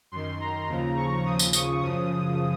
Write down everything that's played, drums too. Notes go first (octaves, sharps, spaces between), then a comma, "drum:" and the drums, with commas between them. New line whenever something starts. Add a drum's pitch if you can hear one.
F#2 D#3 C6
A#5
D#2 C#3 F3
C#6
D#2 C#3 F3 D#6
drum: tambourine
C#6, drum: tambourine
F#2 C#3 F3 D#6